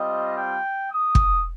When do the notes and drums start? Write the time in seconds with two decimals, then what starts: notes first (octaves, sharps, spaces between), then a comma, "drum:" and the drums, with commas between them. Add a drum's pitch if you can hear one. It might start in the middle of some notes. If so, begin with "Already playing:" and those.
Already playing: G3 C4 F4 D#5
0.36 G5
0.92 D#6
1.15 drum: kick